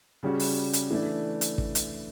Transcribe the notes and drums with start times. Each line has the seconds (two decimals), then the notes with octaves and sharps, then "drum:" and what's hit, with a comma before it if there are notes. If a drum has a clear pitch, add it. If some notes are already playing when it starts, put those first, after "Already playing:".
0.23 C#3 G3 C#4 F#4
0.40 drum: open hi-hat
0.73 drum: hi-hat
0.90 E3 A3 D4
1.41 drum: hi-hat
1.58 drum: kick
1.75 drum: hi-hat